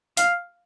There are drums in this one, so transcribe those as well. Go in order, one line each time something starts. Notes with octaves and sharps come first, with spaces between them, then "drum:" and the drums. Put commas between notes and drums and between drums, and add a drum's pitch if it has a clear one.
F5, drum: open hi-hat